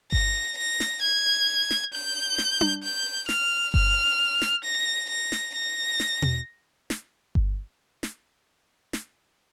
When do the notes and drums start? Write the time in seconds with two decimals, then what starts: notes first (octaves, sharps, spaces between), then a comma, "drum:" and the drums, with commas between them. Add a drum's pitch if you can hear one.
0.12 A#6, drum: kick G1
0.58 A#6
0.80 drum: snare
1.03 G#6
1.71 drum: snare
1.93 G6
2.38 drum: snare
2.61 drum: tom D4
2.83 G6
3.29 F6, drum: snare
3.74 F6, drum: kick G1
4.42 drum: snare
4.64 A#6
5.09 A#6
5.32 drum: snare
5.55 A#6
6.00 drum: snare
6.22 drum: tom B2
6.90 drum: snare
7.35 drum: kick G1
8.03 drum: snare
8.93 drum: snare